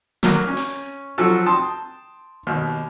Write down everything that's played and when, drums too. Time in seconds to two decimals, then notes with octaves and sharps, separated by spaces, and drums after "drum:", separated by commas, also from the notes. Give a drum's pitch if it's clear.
0.23 F#3 A#3 A#5, drum: snare
0.47 C#4
0.57 drum: open hi-hat
1.18 F3 F#3 F#4 A4
1.46 G5 A5 C6 D#6
2.47 D#2 B2